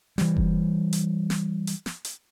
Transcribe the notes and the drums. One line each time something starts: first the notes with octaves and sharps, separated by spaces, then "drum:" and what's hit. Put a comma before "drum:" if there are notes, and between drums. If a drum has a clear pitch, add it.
E3 G3, drum: snare
drum: kick F1
drum: hi-hat
drum: snare
drum: hi-hat
drum: snare
drum: hi-hat